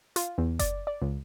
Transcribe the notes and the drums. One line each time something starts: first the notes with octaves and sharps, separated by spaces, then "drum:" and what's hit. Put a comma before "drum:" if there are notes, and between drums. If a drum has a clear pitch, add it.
F4, drum: hi-hat
E2
D5, drum: kick F#1, hi-hat
D5
C#2